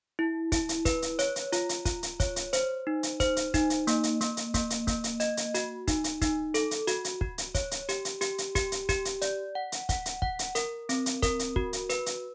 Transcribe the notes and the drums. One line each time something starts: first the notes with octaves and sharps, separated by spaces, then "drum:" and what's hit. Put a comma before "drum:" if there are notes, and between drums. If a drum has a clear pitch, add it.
E4
E4, drum: kick, hi-hat
drum: hi-hat
B4, drum: kick, hi-hat
drum: hi-hat
C#5, drum: hi-hat
drum: hi-hat
F4, drum: hi-hat
drum: hi-hat
F4, drum: kick, hi-hat
drum: hi-hat
C#5, drum: kick, hi-hat
drum: hi-hat
C5, drum: hi-hat
D#4
drum: hi-hat
C5, drum: kick, hi-hat
drum: hi-hat
D#4, drum: kick, hi-hat
drum: hi-hat
A#3, drum: hi-hat
drum: hi-hat
A#3, drum: hi-hat
drum: hi-hat
A#3, drum: kick, hi-hat
drum: hi-hat
A#3, drum: kick, hi-hat
drum: hi-hat
D#5, drum: hi-hat
drum: hi-hat
F#4, drum: hi-hat
D#4, drum: kick, hi-hat
drum: hi-hat
D#4, drum: kick, hi-hat
A4, drum: hi-hat
drum: hi-hat
F#4, drum: hi-hat
drum: hi-hat
F#4, drum: kick
drum: hi-hat
C#5, drum: kick, hi-hat
drum: hi-hat
G4, drum: hi-hat
drum: hi-hat
G4, drum: hi-hat
drum: hi-hat
G4, drum: kick, hi-hat
drum: hi-hat
G4, drum: kick, hi-hat
drum: hi-hat
D5, drum: hi-hat
F#5
drum: hi-hat
F#5, drum: kick, hi-hat
drum: hi-hat
F#5, drum: kick
drum: hi-hat
A#4, drum: hi-hat
C4, drum: hi-hat
drum: hi-hat
A#4, drum: kick, hi-hat
drum: hi-hat
F#4, drum: kick
drum: hi-hat
B4, drum: hi-hat
drum: hi-hat